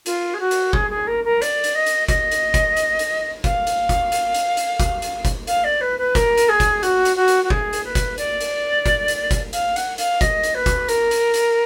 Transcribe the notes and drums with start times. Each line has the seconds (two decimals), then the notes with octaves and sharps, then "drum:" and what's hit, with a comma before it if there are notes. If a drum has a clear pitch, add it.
0.06 F4, drum: hi-hat
0.34 G#4
0.40 F#4
0.51 drum: hi-hat
0.73 G#4, drum: kick F#1
0.91 G#4
1.07 A#4
1.25 A#4
1.42 D5, drum: hi-hat
1.64 drum: hi-hat
1.75 D#5
1.86 drum: hi-hat
2.08 D#5, drum: kick F#1, hi-hat
2.31 drum: hi-hat
2.54 drum: kick F#1, hi-hat
2.77 drum: hi-hat
2.99 drum: hi-hat
3.44 F5, drum: kick F#1, hi-hat
3.67 drum: hi-hat
3.89 drum: kick F#1, hi-hat
4.12 drum: hi-hat
4.34 drum: hi-hat
4.57 drum: hi-hat
4.80 drum: kick F#1, hi-hat
5.02 drum: hi-hat
5.25 drum: kick F#1, hi-hat
5.47 F5, drum: hi-hat
5.64 D5
5.81 B4
5.99 B4
6.15 A#4, drum: kick F#1, hi-hat
6.37 drum: hi-hat
6.49 G#4
6.60 drum: kick F#1, hi-hat
6.83 F#4, drum: hi-hat
7.05 drum: hi-hat
7.16 F#4
7.28 drum: hi-hat
7.44 F#4
7.50 G#4, drum: kick F#1
7.73 drum: hi-hat
7.85 B4
7.95 drum: kick F#1, hi-hat
8.18 D5, drum: hi-hat
8.40 drum: hi-hat
8.86 drum: kick F#1, hi-hat
9.08 drum: hi-hat
9.31 drum: kick F#1, hi-hat
9.53 F5, drum: hi-hat
9.76 F#5, drum: hi-hat
9.98 F5, drum: hi-hat
10.21 D#5, drum: kick F#1, hi-hat
10.43 drum: hi-hat
10.55 B4
10.66 drum: kick F#1, hi-hat
10.88 A#4, drum: hi-hat
11.11 drum: hi-hat
11.34 drum: hi-hat